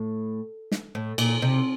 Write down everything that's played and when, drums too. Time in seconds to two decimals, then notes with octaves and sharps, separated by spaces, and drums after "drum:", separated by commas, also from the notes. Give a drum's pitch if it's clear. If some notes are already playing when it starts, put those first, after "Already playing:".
Already playing: A2
0.72 drum: snare
0.95 A2
1.18 A#2, drum: cymbal
1.42 C3